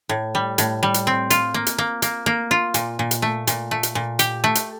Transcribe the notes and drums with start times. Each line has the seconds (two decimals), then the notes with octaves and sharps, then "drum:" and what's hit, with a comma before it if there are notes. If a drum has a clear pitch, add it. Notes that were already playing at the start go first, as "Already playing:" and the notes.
0.09 A2
0.35 G3
0.58 A2, drum: hi-hat
0.83 G3
0.94 drum: hi-hat
1.07 C4
1.30 F4, drum: hi-hat
1.54 A#3
1.66 drum: hi-hat
1.78 A#3
2.02 A#3, drum: hi-hat
2.26 A#3
2.51 F4
2.74 A#2, drum: hi-hat
2.99 A#2
3.11 drum: hi-hat
3.22 A3
3.47 A#2, drum: hi-hat
3.71 A3
3.83 drum: hi-hat
3.95 A#2
4.19 G4, drum: hi-hat
4.44 A3
4.55 drum: hi-hat